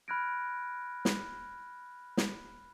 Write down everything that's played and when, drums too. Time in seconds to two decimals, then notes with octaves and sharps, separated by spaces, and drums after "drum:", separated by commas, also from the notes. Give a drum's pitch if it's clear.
0.08 B5 F6 F#6 G#6 A#6 D7
1.05 drum: snare
2.17 drum: snare